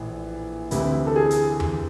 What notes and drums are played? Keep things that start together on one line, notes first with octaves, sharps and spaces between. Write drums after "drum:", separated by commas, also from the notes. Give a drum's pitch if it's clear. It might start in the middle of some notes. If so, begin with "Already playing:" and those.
Already playing: A#1 A2 E3
D2 C3 E3 E4, drum: hi-hat
A4
G#4
drum: hi-hat
drum: tom E2